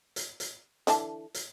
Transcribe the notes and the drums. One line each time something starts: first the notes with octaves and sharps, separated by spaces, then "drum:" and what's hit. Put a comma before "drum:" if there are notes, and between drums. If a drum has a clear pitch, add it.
drum: hi-hat
drum: hi-hat
D3 E3 A5, drum: hi-hat
drum: hi-hat